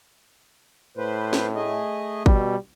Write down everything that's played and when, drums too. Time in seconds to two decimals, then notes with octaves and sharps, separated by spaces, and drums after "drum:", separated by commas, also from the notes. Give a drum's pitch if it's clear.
0.97 A2 B4 C5
1.33 drum: snare
1.55 A3 G#4 D#5
2.26 B2 G3, drum: kick